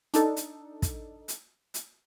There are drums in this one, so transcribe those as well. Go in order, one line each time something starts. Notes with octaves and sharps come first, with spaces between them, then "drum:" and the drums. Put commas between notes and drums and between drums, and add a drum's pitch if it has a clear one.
D4 D#4 A4, drum: hi-hat
drum: hi-hat
drum: kick, hi-hat
drum: hi-hat
drum: hi-hat